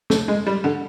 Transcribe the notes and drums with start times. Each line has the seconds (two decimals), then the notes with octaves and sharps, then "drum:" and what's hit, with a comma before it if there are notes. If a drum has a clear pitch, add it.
0.10 A3, drum: snare
0.28 G#3
0.46 G3
0.64 D3